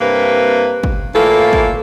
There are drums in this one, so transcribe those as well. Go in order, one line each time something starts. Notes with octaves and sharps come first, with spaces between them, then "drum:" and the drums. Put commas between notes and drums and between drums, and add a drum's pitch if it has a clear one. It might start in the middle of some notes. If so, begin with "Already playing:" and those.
G2 C3 A#3 B4
drum: kick
A2 E3 A#3 F4 A4
drum: kick